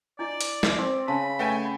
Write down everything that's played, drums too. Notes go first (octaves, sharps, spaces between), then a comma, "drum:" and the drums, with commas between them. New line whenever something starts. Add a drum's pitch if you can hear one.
D4 E4 D5 D#5
drum: hi-hat
drum: snare
C4 D#4
C#3 A5 B5
A3 B4 G5 G#5
F#5 B5